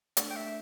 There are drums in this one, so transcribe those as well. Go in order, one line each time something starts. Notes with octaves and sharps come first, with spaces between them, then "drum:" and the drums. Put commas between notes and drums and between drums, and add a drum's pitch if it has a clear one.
A3 D4, drum: hi-hat
G5
E5